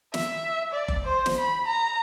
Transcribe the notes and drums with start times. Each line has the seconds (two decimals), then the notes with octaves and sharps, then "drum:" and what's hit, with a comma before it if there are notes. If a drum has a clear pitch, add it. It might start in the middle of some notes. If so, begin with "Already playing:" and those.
0.14 E5, drum: snare
0.72 D5
0.88 drum: kick F#1
1.05 C5
1.26 drum: snare
1.38 B5
1.68 A#5